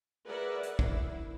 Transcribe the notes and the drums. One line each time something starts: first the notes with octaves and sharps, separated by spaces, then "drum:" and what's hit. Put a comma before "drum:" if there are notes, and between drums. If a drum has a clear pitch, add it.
G#4 A#4 B4 D5 E5 F#5
drum: hi-hat
E4, drum: kick